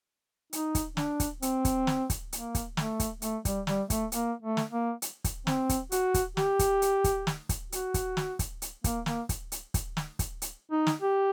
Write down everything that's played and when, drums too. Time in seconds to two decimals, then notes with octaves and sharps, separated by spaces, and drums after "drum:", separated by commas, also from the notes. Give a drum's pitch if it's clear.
0.53 D#4, drum: hi-hat
0.75 drum: kick, hi-hat
0.97 D4, drum: snare
1.20 drum: kick, hi-hat
1.42 C4, drum: hi-hat
1.65 drum: kick, hi-hat
1.87 drum: snare
2.10 drum: kick, hi-hat
2.33 A#3, drum: hi-hat
2.55 drum: kick, hi-hat
2.77 A3, drum: snare
3.00 drum: kick, hi-hat
3.22 A3, drum: hi-hat
3.45 G3, drum: kick, hi-hat
3.67 G3, drum: snare
3.90 A3, drum: kick, hi-hat
4.12 A#3, drum: hi-hat
4.42 A3
4.57 drum: snare
4.71 A#3
5.02 drum: hi-hat
5.24 drum: kick, hi-hat
5.47 C4, drum: snare
5.69 drum: kick, hi-hat
5.92 F#4, drum: hi-hat
6.14 drum: kick, hi-hat
6.37 G4, drum: snare
6.59 drum: kick, hi-hat
6.82 drum: hi-hat
7.04 drum: kick, hi-hat
7.27 drum: snare
7.49 drum: kick, hi-hat
7.72 F#4, drum: hi-hat
7.94 drum: kick, hi-hat
8.17 drum: snare
8.39 drum: kick, hi-hat
8.62 drum: hi-hat
8.84 A#3, drum: kick, hi-hat
9.06 A#3, drum: snare
9.29 drum: kick, hi-hat
9.52 drum: hi-hat
9.74 drum: kick, hi-hat
9.97 drum: snare
10.19 drum: kick, hi-hat
10.42 drum: hi-hat
10.72 D#4
10.87 drum: snare
11.02 G4